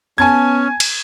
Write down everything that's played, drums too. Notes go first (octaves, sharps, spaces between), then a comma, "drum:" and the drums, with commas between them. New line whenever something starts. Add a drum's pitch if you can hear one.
B3 C#4 G#5 A5 G#6
drum: cymbal